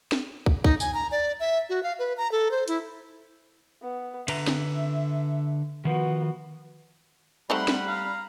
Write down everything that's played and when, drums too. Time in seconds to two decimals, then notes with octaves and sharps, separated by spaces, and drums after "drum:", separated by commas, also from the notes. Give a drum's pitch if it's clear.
0.12 drum: snare
0.46 drum: kick
0.64 D#4, drum: kick
0.80 G#5, drum: tambourine
0.94 A#5
1.11 D5
1.40 E5
1.69 F#4
1.83 F5
1.99 B4
2.17 A#5
2.32 A4
2.51 C5
2.68 E4, drum: hi-hat
3.82 B3
4.28 D3 B4 E5 A#5, drum: cymbal
4.47 drum: snare
5.85 D#3 F3 B3 F#4
7.50 G3 A3 C4 D#4 F#5 G5 B5 C6
7.68 drum: snare
7.87 F5 A#5